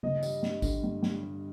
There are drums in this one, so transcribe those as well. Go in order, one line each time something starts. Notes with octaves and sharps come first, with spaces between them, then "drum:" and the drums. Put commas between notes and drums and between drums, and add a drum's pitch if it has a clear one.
G2 D#5, drum: tom C#3
G3, drum: tambourine
G2, drum: snare
D3, drum: kick G#1, tambourine
G2
G2, drum: snare
G3